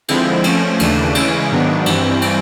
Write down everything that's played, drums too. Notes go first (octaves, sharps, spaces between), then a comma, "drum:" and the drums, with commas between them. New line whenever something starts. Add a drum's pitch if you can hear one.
D3 F3 G#3 C4 E4, drum: cymbal
F3 A3 C#4, drum: cymbal
D#2 C#3 E3 A3 D4, drum: cymbal
C#3 E3 G#3 C#4, drum: cymbal
G#2 D#3 F#3 B3 D4
G2 E3 G3 C4, drum: cymbal
drum: cymbal